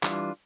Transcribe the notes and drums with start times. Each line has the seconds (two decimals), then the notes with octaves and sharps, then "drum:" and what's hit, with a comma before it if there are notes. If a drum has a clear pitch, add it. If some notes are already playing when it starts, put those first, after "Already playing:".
0.03 E3 G3 D4 F4, drum: clap